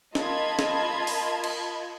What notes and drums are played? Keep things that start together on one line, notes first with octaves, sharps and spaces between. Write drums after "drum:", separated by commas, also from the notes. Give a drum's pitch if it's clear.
F4 A#4 D#5 A5 B5 G#6, drum: snare
drum: snare
drum: open hi-hat
drum: cymbal